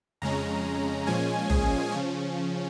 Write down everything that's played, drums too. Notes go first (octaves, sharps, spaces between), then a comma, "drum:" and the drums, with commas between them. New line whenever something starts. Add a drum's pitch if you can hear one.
F2 C#3 G#3 C#4 A#5
A#2 F3 G#3 C#4 G#5
G#4, drum: tom A#1
C#3 F3 C#4